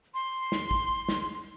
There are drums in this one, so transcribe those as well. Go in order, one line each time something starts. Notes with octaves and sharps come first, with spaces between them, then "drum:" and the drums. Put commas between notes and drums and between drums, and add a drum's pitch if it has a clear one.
C6
drum: snare
drum: kick
drum: snare